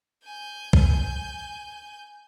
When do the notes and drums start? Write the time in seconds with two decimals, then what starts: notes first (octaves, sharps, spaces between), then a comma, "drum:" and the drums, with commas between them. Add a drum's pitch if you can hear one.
0.24 G#5 G6
0.73 drum: kick B1